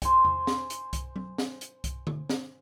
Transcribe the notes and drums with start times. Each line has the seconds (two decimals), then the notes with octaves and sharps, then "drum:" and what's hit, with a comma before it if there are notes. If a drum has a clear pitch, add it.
0.02 C5 G#5, drum: kick C2, hi-hat
0.25 drum: tom E2
0.47 drum: snare
0.70 drum: hi-hat
0.93 drum: kick C2, hi-hat
1.16 drum: tom F#3
1.38 drum: snare
1.61 drum: hi-hat
1.84 drum: kick C2, hi-hat
2.07 drum: tom D3
2.30 drum: snare